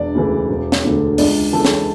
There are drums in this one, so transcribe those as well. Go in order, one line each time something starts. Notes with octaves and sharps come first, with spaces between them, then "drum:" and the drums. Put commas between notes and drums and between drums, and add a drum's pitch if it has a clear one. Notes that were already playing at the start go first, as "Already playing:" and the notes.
Already playing: E1 D4 D5
D2 C#3 E3
E1
drum: snare
D2 D3
C#2 D4 D5, drum: open hi-hat
C#3 E3 A4 A5
drum: snare